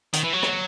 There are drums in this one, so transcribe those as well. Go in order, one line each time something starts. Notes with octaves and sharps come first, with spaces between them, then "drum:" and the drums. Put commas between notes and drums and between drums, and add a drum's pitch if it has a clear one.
D#3, drum: hi-hat
E3
F#3
drum: rim click